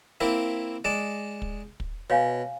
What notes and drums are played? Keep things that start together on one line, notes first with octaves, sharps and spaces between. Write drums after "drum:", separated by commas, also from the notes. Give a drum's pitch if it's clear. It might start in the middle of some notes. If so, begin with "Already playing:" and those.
A#3 C4 E4
G#3 D5 A5
drum: kick
drum: kick
B2 C#5 F5 G#5